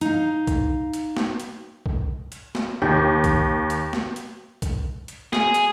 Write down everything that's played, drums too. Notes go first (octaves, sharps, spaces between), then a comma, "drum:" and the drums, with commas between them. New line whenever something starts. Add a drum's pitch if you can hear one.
D#4 F5, drum: hi-hat
drum: kick B1, hi-hat
drum: hi-hat
drum: snare
drum: hi-hat
drum: kick B1
drum: hi-hat
drum: snare
D#2 G4
drum: kick B1, hi-hat
drum: hi-hat
drum: snare
drum: hi-hat
drum: kick B1, hi-hat
drum: hi-hat
G#4, drum: snare
drum: hi-hat